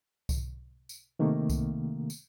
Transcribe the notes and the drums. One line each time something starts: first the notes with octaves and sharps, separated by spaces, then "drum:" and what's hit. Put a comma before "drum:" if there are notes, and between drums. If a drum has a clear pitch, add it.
drum: kick C2, tambourine
drum: tambourine
C3 D#3 A3 A#3
drum: kick C2, tambourine
drum: tambourine